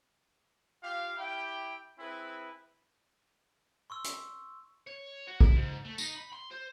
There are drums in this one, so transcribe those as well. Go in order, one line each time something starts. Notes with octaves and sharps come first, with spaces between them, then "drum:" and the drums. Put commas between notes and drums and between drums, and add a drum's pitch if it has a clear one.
F4 G4 F5
E4 G4 G5
C4 E4 G#4 B4
C6 C#6 E6
drum: hi-hat
C#5
F#4
E4, drum: kick
G#2
A3
D#4, drum: tambourine
B5
C6
C5